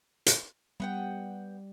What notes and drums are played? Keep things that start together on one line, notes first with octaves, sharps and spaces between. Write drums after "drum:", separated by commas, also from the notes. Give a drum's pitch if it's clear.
drum: hi-hat
G3 B3 F#5 G5